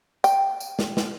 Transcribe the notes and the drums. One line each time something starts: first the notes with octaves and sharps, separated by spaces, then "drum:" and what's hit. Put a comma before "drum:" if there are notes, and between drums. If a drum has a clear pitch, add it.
G5, drum: tambourine
drum: tambourine
drum: snare
drum: snare